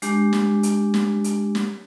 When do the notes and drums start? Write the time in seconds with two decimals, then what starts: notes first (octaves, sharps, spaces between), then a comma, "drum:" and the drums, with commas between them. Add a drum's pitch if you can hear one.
0.02 G#3 D4 G4, drum: hi-hat
0.33 drum: snare
0.63 drum: hi-hat
0.94 drum: snare
1.24 drum: hi-hat
1.55 drum: snare